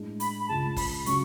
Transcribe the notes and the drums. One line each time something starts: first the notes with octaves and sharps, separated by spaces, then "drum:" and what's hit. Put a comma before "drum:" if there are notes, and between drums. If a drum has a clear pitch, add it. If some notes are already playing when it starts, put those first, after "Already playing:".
Already playing: A2 G#3 D4
B5, drum: hi-hat
B5
C#2 C#3 G#3 A5
B5, drum: kick, open hi-hat
C#3 F#3 C#4 C#6, drum: hi-hat